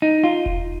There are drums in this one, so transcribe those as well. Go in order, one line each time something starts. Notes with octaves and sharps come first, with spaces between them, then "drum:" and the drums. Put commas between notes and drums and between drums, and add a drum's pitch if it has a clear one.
D#4
F4
drum: kick E1